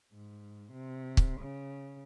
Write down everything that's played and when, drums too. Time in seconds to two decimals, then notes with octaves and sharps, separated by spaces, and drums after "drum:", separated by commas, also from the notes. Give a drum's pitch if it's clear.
0.13 G#2
0.73 C3
1.17 drum: kick
1.40 C#3